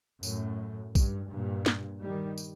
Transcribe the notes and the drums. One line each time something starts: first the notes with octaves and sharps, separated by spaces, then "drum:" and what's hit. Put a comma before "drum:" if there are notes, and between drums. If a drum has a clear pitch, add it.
F#2 A2, drum: tambourine
G2, drum: kick A#1, tambourine
G2 A#2
drum: snare
D#3 G3
drum: tambourine